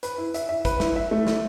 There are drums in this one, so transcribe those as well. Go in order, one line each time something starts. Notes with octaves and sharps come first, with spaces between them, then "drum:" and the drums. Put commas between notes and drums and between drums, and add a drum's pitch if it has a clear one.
B4, drum: hi-hat
E4
E5, drum: hi-hat
E5
B4, drum: kick, hi-hat
E4, drum: snare
E5
A3
drum: snare